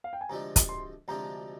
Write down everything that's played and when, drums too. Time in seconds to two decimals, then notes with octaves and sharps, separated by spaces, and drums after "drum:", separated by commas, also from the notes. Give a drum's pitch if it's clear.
0.04 F5
0.13 G5
0.21 G#5
0.29 D2 C3 F3 G#3 D4 A#5
0.56 drum: kick, hi-hat
0.69 C6
1.08 D2 C3 F3 G#3 D4 A#5